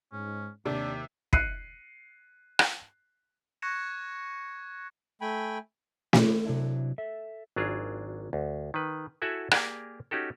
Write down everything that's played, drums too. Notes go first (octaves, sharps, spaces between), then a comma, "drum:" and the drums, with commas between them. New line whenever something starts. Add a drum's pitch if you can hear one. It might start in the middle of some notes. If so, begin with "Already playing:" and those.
G#2 C#4
D#2 C3 D4 G4
F#6 C7 C#7 D#7, drum: kick
drum: rim click
C#6 F#6 G#6 A#6 C#7 E7
A3 G5 G#5 B5
drum: snare
C3 F#3 D4 E4
A4 E5
G#1 F#3 D4 F4 G#4
D2
D#3 B4
E4 F#4 A4 E5 F#5 G#5
A#3 G4 G#4 A#4 D5 G#5, drum: rim click
C#4 D#4 F#4 G4 A4